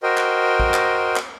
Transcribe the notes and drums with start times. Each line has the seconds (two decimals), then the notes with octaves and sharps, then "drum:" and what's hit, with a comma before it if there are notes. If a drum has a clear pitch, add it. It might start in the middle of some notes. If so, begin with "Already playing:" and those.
0.03 F#4 A#4 C5 D#5 G5
0.17 drum: clap
0.60 drum: kick
0.74 drum: clap
1.16 drum: clap